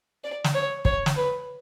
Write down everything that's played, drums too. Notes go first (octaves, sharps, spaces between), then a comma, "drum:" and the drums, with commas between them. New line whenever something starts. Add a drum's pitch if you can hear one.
D5
drum: snare
C#5
C#5, drum: kick
drum: snare
B4